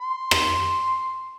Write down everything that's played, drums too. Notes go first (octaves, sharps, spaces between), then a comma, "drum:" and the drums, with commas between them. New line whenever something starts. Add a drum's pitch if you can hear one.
C6
drum: rim click